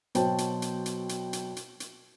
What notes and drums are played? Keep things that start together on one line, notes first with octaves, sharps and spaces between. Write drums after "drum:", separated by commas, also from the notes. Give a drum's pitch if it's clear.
B2 F#3 C5 C#5 G5 A5, drum: hi-hat
drum: hi-hat
drum: hi-hat
drum: hi-hat
drum: hi-hat
drum: hi-hat
drum: hi-hat
drum: hi-hat